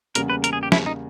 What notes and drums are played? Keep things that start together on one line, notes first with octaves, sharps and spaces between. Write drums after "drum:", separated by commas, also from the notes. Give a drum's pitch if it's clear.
E2 C#3 G3 A#3 A#4, drum: hi-hat
B4
A#4, drum: hi-hat
G#4
G4
E4, drum: snare
D#4